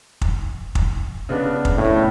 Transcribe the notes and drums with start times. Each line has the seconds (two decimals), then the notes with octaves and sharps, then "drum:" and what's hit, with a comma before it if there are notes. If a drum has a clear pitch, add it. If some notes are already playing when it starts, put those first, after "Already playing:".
0.21 drum: kick
0.75 drum: kick
1.29 C#3 B3 D4
1.65 drum: kick
1.77 A2